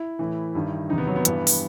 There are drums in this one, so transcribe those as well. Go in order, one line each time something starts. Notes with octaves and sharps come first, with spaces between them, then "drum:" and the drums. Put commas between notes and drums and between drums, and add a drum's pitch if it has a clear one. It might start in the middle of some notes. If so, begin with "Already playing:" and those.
Already playing: E4
A2 E3
G2 D#3
E2 C3 D#3 D#4
B3
F#3
B3
G2 E3, drum: hi-hat
drum: open hi-hat